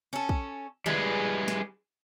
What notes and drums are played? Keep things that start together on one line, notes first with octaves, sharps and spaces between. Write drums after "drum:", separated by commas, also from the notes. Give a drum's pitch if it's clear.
C#4 A4
drum: kick
G3 G#3 E4 G#4 B4, drum: tom D3
drum: snare